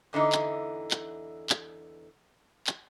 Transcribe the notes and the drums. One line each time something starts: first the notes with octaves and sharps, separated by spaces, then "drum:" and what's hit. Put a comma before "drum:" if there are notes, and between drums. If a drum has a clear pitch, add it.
E2 D3 E3 D#4
drum: clap
drum: clap
drum: clap
drum: clap